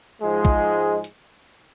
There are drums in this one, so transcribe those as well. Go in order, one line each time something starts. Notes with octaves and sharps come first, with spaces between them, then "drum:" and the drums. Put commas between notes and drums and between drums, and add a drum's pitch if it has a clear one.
G#2 F3 G#3
drum: kick
drum: hi-hat